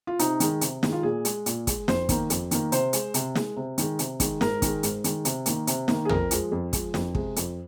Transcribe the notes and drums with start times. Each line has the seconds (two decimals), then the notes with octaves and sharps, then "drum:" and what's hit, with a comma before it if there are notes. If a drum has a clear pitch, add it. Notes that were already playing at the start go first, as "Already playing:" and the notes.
0.07 F4
0.19 C3 D#4, drum: hi-hat
0.40 D#3 G#3, drum: hi-hat
0.61 C3, drum: hi-hat
0.83 D#3 G#3, drum: snare
0.93 F4
1.03 A#2 G#4
1.25 G#3, drum: hi-hat
1.46 A#2, drum: hi-hat
1.67 G#3, drum: kick, hi-hat
1.88 F2 C5, drum: snare
2.09 D#3 A#3, drum: kick, hi-hat
2.30 F2, drum: hi-hat
2.51 D#3 A#3, drum: hi-hat
2.72 C3 C5, drum: hi-hat
2.93 G#3, drum: hi-hat
3.14 C3, drum: hi-hat
3.35 G#3, drum: snare
3.57 C3
3.78 D#3 G#3, drum: hi-hat
3.99 C3, drum: hi-hat
4.20 D#3 G#3, drum: kick, hi-hat
4.41 G#2 A#4, drum: snare
4.62 D#3 G#3, drum: kick, hi-hat
4.83 G#2, drum: hi-hat
5.04 D#3 G#3, drum: hi-hat
5.25 C3, drum: hi-hat
5.46 D#3 A#3, drum: hi-hat
5.67 C3, drum: hi-hat
5.88 D#3 A#3, drum: snare
6.05 G#4
6.09 F2 A#4, drum: tom
6.31 F3 G#3, drum: hi-hat
6.52 F2
6.73 F3 G#3, drum: kick, hi-hat
6.94 F2, drum: snare
7.15 C3 G#3, drum: kick
7.36 F2, drum: hi-hat